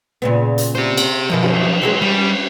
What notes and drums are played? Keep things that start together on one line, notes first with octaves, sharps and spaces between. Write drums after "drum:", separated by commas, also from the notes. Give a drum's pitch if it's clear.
A#2 C#3 B3
drum: hi-hat
G4 C5
drum: cymbal
F#2 B2 D#3 F3 F#3
drum: cymbal
E3 F#3 G#3
G3 C#4